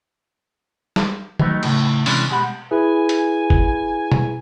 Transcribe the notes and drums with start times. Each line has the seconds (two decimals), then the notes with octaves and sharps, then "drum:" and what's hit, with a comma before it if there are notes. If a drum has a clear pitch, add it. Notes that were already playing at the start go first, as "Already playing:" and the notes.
0.96 drum: snare
1.39 D#3 F#3 A3 B3 D#4, drum: tom D#3
1.63 A2 C#3 A3, drum: cymbal
2.06 C3 E3 G#3 C#4 D4, drum: open hi-hat
2.29 B2 G#3 G4 F#5 B5
2.71 E4 G#4 B4 G#5
3.09 drum: hi-hat
3.50 drum: kick
4.12 drum: tom B2